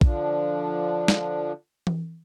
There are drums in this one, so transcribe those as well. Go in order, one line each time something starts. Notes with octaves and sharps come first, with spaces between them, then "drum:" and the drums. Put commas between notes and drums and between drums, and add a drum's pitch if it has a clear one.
D3 F3 D4, drum: kick
drum: snare
drum: tom E3